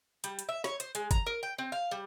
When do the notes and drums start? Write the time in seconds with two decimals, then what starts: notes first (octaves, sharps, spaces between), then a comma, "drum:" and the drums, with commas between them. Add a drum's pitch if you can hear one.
0.24 G3, drum: hi-hat
0.39 drum: hi-hat
0.49 E5
0.64 C#5, drum: snare
0.80 C5, drum: hi-hat
0.95 G#3, drum: hi-hat
1.11 A#5, drum: kick G1, hi-hat
1.26 A#4
1.43 G5
1.58 C4
1.72 F5
1.91 G3